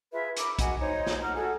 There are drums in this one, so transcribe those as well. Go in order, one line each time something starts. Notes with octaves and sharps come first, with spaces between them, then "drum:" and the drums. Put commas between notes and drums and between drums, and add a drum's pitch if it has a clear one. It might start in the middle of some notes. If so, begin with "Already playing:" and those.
F4 G#4 B4 E5
A#4 B5 D6 E6, drum: hi-hat
F#4 D#5 F#5 G#5, drum: kick, hi-hat
D#4 C5 C#5 D#5
drum: snare
F#5 A#5 F6
F#4 G#4 A4 F#5